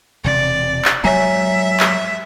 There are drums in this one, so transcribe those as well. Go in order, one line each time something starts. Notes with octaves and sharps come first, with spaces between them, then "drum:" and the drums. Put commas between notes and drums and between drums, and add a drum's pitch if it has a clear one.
E1 C3 D5
drum: clap
F#3 G#3 A#3 C#5 E5 G#5 A#5
drum: clap